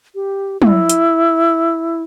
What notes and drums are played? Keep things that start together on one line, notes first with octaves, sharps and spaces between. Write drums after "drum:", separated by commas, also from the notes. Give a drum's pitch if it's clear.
G4
E4, drum: tom
drum: hi-hat